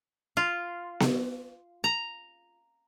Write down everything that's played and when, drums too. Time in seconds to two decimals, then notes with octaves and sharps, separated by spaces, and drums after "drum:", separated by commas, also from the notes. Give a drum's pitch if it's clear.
0.37 F4
1.00 drum: snare B3
1.84 A#5